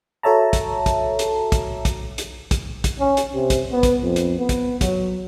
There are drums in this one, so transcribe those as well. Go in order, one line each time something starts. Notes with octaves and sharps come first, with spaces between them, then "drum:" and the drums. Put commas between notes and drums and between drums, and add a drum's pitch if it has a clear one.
F#4 A4 C#5 E5 A5 A#5
drum: kick, hi-hat
drum: kick, hi-hat
drum: hi-hat
drum: kick, hi-hat
drum: kick, hi-hat
drum: hi-hat
drum: kick, hi-hat
drum: kick, hi-hat
C#4
drum: hi-hat
C3
drum: kick, hi-hat
B3
drum: kick, hi-hat
F2
drum: hi-hat
B3
drum: kick, hi-hat
F#3, drum: kick, hi-hat